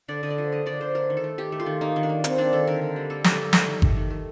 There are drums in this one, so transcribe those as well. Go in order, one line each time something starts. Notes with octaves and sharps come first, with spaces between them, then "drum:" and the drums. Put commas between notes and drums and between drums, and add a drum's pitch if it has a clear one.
D3 D5
D3 D#5
D5
F3 D#5
A#3 D#5
D3 D5
D3 C5
A3 A#4
D#3
A4
A3
D#3 G4
A3
F4
D#3
A#3 D#4
D#3
D4
A#3
D#3 C4, drum: hi-hat
A#3 D4
D#3 A4
D3 A#4
D3
G3
A#3 A4
D3 G4, drum: snare
A4
D3
A3 G4, drum: snare
D#3
A3, drum: kick G1
D#3
A3